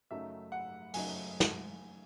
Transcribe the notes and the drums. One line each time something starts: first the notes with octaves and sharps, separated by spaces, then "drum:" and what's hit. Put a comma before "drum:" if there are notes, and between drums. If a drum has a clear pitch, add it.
F#2 C#3 F#3 A3 D#4 E5
F#5
F#2 C#3 F#3 A3 D#4 G#5, drum: open hi-hat
drum: snare